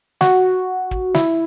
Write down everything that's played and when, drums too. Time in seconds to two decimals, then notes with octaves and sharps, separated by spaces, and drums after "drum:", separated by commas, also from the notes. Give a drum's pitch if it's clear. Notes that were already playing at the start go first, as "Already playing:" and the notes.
0.21 F#4, drum: snare
0.91 drum: kick
1.14 E4, drum: snare